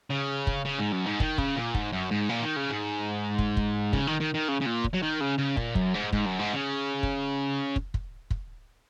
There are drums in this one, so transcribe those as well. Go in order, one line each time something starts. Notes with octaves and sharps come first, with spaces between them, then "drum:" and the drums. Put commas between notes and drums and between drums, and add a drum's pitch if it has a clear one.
C#3
drum: kick
C#3
G#2
F#2
G#2
D#3, drum: kick
C#3, drum: kick
A#2
G#2, drum: kick
F#2
G#2
A#2
D#3
C#3
G#2
drum: kick
drum: kick
C#3, drum: kick
D#3
D#3
D#3
C#3
C#3
A#2
drum: kick
F#3
D#3
C#3
C#3
A#2, drum: kick
F#2, drum: kick
G#2
G#2, drum: kick
F#2
G#2
C#3
drum: kick
drum: kick
drum: kick
drum: kick